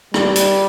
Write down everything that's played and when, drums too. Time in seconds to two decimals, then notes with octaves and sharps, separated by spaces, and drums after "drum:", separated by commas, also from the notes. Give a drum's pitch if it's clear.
0.14 G3, drum: rim click
0.36 drum: hi-hat